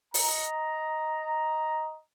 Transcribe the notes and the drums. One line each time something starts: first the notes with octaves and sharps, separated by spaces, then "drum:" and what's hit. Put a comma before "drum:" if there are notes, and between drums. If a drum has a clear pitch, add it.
D#5 A#5, drum: open hi-hat